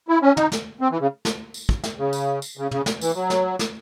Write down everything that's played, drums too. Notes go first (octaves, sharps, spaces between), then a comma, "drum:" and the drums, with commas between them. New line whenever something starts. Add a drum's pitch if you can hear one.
E4
C#4
D#4, drum: tom
drum: snare
C4
E3
C#3
drum: snare
drum: tambourine
drum: kick
drum: snare
C#3
drum: tambourine
drum: tambourine
C#3
C#3, drum: tom
drum: snare
E3, drum: tambourine
F#3
drum: snare
drum: snare